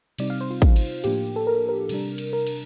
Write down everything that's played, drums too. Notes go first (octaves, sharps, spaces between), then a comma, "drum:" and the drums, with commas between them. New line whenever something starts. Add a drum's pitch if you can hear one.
C3 G3 C4 D#4 D5, drum: cymbal
F5
C5
F4
drum: kick
drum: cymbal
A2 F3 A#3 D4 G4, drum: cymbal
A4
A#4
A#4
C3 G3 D4, drum: cymbal
drum: cymbal
A#4
drum: cymbal